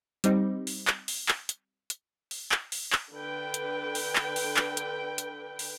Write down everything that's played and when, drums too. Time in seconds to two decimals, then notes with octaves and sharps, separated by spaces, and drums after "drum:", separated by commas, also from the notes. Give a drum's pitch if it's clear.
0.24 G3 C4 D#4, drum: hi-hat
0.67 drum: open hi-hat
0.87 drum: clap
1.08 drum: open hi-hat
1.29 drum: clap
1.49 drum: hi-hat
1.90 drum: hi-hat
2.31 drum: open hi-hat
2.52 drum: clap
2.72 drum: open hi-hat
2.93 drum: clap
3.13 D3 B4 G5
3.54 drum: hi-hat
3.95 drum: open hi-hat
4.16 drum: clap
4.36 drum: open hi-hat
4.57 drum: clap
4.77 drum: hi-hat
5.18 drum: hi-hat
5.59 drum: open hi-hat